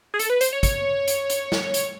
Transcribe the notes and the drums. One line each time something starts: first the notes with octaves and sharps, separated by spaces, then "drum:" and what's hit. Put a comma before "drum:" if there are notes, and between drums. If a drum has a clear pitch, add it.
G#4
A4, drum: hi-hat
B4
C5, drum: hi-hat
C#5
C#5, drum: kick, hi-hat
drum: hi-hat
drum: hi-hat
drum: snare
drum: hi-hat